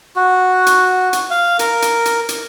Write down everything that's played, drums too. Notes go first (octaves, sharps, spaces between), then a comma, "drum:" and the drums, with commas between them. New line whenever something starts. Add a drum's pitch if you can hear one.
F#4
drum: hi-hat
drum: hi-hat
F5
A#4, drum: hi-hat
drum: hi-hat
drum: hi-hat
drum: hi-hat